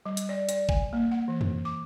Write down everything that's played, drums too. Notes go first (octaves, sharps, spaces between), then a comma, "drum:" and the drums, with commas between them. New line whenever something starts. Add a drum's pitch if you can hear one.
G3
drum: hi-hat
D5
D5, drum: hi-hat
G#5, drum: kick G1
A#3
F#5
E3
drum: tom F2
D6